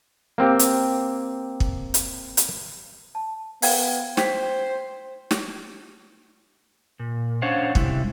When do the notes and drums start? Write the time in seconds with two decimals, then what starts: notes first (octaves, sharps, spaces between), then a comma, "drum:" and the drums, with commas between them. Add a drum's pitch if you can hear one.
0.38 A#3 C4 G4
0.59 drum: hi-hat
1.60 drum: kick
1.94 drum: hi-hat
2.37 drum: hi-hat
3.15 A5
3.62 B3 F5 G5 G#6, drum: open hi-hat
4.17 C5 G5 G#6 B6, drum: snare
5.31 drum: snare
7.00 A#2
7.42 C#4 D4 C5 C#5 F5 F#5
7.75 C3 G3 G#3 E4, drum: kick